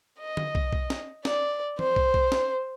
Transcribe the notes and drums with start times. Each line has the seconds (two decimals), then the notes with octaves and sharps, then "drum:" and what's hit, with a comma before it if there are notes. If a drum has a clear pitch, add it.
0.19 D#5
0.37 drum: tom D3
0.55 drum: kick
0.73 drum: kick
0.90 drum: snare
1.25 D5, drum: snare
1.79 C5, drum: tom E3
1.96 drum: kick
2.14 drum: kick
2.32 drum: snare